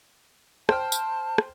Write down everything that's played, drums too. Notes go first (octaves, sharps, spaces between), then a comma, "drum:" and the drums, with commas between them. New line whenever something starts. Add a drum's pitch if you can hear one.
C5 G5 A5 F6, drum: rim click
drum: tambourine
drum: rim click